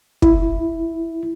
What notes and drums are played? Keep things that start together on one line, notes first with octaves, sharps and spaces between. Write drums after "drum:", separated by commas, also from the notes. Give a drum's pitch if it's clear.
E4, drum: kick